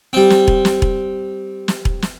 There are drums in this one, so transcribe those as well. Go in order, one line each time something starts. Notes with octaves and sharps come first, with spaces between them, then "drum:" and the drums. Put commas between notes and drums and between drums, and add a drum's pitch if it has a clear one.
G3 C4
drum: snare
drum: kick E1
drum: snare
drum: kick E1
drum: snare
drum: kick E1
drum: snare